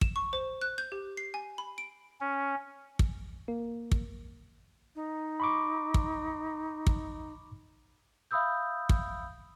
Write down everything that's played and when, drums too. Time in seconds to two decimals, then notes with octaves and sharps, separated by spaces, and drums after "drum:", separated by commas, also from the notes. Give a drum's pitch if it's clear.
0.01 E7, drum: kick
0.16 C#6
0.33 C5
0.62 F#6
0.78 G6
0.92 G4
1.17 C7
1.34 G#5
1.58 B5
1.78 D7
2.21 C#4
2.99 drum: kick
3.48 A#3
3.92 drum: kick
4.95 D#4
5.40 B5 C#6 D6
5.94 drum: kick
6.87 drum: kick
8.31 E5 F5 B5 D#6 E6 G6
8.89 drum: kick